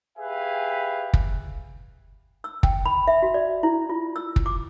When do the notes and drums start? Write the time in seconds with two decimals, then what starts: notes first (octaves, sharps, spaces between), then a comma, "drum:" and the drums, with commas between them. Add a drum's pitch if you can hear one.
0.18 G4 G#4 B4 E5 F5 G#5
1.14 drum: kick
2.44 E6
2.63 G5, drum: kick
2.86 B5
3.08 E5
3.22 F#4
3.34 D5
3.63 E4
3.90 F4
4.16 E6
4.36 drum: kick
4.46 D6